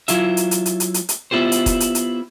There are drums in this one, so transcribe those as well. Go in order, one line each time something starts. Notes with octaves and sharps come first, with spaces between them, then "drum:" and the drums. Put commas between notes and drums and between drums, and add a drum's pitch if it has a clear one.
F#3 E4 F4 E5, drum: hi-hat
drum: hi-hat
drum: hi-hat
drum: hi-hat
drum: hi-hat
drum: hi-hat
drum: hi-hat
B3 E4 F4 G4 C5
drum: hi-hat
drum: kick, hi-hat
drum: hi-hat
drum: hi-hat